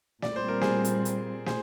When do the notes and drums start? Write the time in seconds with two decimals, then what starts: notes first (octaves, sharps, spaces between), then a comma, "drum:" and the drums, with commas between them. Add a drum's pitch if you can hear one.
0.22 A#2 G3 C4 D5, drum: snare
0.36 C5
0.48 A#4
0.61 G#4 C5, drum: snare
0.85 drum: hi-hat
1.05 drum: hi-hat
1.46 G#4 C5, drum: snare